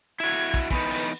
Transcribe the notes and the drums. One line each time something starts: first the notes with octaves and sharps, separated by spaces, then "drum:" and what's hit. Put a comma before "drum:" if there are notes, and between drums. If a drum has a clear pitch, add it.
E4 F#4 G#6
drum: kick
E3 B3 D#4 B4, drum: kick
drum: open hi-hat